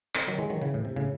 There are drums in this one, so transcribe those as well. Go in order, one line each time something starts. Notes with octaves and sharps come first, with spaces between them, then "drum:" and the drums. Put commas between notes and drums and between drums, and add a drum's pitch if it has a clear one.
C4 D#4, drum: clap
D#3 F#3
E3 G#3
D#3 F#3
C#3 E3
A2
C3
A2 C#3